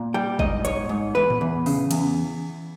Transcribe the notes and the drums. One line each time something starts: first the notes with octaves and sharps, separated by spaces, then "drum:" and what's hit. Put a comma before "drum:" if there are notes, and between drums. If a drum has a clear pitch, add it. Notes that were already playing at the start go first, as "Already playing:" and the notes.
Already playing: A#2
G3 G5
G#2 D#5, drum: kick G#1
G#2 C#5, drum: hi-hat
G#2
E2 B4
drum: tom A2
E2
C#3, drum: open hi-hat
E2, drum: cymbal